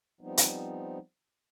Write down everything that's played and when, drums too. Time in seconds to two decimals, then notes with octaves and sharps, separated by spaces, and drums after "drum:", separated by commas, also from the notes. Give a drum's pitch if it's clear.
0.21 F3 G3 B3 C4 D#4
0.37 drum: hi-hat